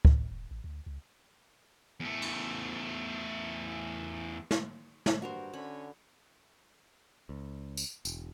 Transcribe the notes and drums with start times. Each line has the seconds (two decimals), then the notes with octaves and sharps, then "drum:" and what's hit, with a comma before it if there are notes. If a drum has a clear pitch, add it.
0.05 F2, drum: kick C#2
0.16 G#1
0.31 E1
0.51 A1
0.64 D2
0.86 C#2
2.00 E2 A3
2.22 drum: cymbal
4.51 drum: snare
5.06 drum: snare
5.22 G2 F#4 A#4 C5
5.54 D3 C#4 B5
7.29 C#2
7.77 drum: tambourine
8.05 E1, drum: tambourine